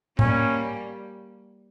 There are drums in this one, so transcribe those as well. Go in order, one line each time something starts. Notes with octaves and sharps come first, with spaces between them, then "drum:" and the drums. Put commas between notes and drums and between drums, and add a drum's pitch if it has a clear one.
G3 A#3 C#4, drum: tom A2